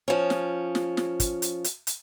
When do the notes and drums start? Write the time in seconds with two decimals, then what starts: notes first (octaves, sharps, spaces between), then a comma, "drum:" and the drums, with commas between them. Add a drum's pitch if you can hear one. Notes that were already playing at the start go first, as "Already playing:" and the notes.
0.08 F3 C#4
0.30 drum: snare
0.75 drum: snare
0.97 drum: snare
1.20 drum: kick, hi-hat
1.42 drum: hi-hat
1.64 drum: hi-hat
1.87 drum: hi-hat